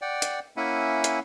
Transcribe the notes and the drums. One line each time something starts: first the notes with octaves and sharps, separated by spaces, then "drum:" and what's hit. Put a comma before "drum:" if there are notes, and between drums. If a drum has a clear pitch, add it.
D5 F#5 G5
drum: hi-hat
A#3 C#4 E4 E5 F#5 G#5
drum: hi-hat